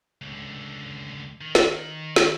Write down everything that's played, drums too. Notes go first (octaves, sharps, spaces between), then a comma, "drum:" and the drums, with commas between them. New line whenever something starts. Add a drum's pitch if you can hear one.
C#2 D3
D#3
drum: snare
drum: snare